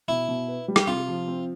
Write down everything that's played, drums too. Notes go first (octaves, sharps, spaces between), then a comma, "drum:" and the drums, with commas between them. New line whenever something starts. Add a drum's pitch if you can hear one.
B2 E4
B2
B4
G3
G4, drum: rim click
C3 F4
F3
C4